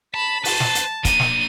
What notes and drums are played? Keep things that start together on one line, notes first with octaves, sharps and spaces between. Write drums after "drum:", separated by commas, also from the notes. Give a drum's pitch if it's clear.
A5 B5 B6
B4 C5 A5, drum: open hi-hat
drum: snare
drum: hi-hat
A#3 D4 D#7, drum: kick, hi-hat
drum: snare